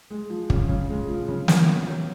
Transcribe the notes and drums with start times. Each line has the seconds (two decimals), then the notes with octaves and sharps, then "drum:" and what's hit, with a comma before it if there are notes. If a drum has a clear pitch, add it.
0.11 G#3
0.30 F3
0.50 C#3, drum: kick
0.69 C#3
0.90 G#3
1.09 F3
1.28 C#3
1.48 C#3, drum: snare
1.68 B3
1.88 F#3